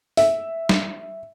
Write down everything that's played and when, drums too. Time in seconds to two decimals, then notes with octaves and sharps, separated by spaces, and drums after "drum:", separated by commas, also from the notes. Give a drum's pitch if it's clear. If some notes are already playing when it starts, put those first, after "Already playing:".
0.17 E5, drum: open hi-hat
0.69 drum: snare